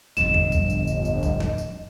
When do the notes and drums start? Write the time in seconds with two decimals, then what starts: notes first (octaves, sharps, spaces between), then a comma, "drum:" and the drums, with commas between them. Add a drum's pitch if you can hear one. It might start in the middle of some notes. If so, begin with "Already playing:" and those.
0.17 D1 G1 F2 D3 D#5 E7, drum: tambourine
0.34 drum: tom E2
0.52 drum: kick, tambourine
0.70 drum: tambourine
0.87 drum: tambourine
1.05 drum: tambourine
1.23 drum: kick, tambourine
1.40 drum: snare
1.58 drum: tambourine